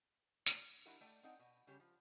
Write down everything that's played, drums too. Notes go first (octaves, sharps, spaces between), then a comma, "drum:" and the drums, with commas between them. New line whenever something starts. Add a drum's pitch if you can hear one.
drum: tambourine
F#3 D4 E4 F#4 G4 A#4
A3 D5 G5
C4 D#4 F#5 G5
B2
C#3 G3 D4 G4 C#5
F3